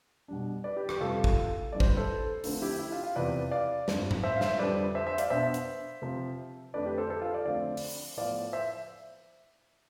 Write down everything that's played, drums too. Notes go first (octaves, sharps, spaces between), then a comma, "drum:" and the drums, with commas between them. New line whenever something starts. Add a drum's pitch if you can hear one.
B2 G3 D4
B4 D5
G4 B4
G4 B4, drum: rim click
F2 C3 G3 F4 A4
drum: kick
F2 E3 G3 D4 D5
C5, drum: kick
B4
A4 C5
D2 D3 F3 C4, drum: open hi-hat
E4 G4
E4
F4
F4
E2 C3 E3 B4 D5
D5 F5
G2 F3 C4, drum: snare
drum: tom G#2
C5 E5
F5
C5 E5, drum: snare
F2 D3 G3 C4 B4 D5
C5 E5
C5 E5
D5 F5, drum: hi-hat
B2 B3 D4 C5 E5
drum: hi-hat
C3 F3 C4
F2 D3 A3 B4 D5
G4 B4
A4 C5
A4 C5
F4 A4
D5 F5
D2 D3 F3 C4 D5 F5
drum: open hi-hat
A2 F3 B3 D5 F5
C5 E5